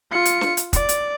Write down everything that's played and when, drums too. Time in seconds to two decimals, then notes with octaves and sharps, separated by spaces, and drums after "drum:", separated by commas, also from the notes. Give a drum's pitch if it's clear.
0.11 F4 C#7
0.25 drum: hi-hat
0.41 drum: snare
0.57 drum: hi-hat
0.73 D5, drum: kick, hi-hat
0.89 drum: hi-hat